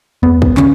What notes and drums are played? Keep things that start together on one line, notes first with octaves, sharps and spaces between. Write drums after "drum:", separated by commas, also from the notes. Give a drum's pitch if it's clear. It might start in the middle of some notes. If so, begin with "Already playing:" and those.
B3, drum: tom E2
drum: kick
D3 C#4, drum: clap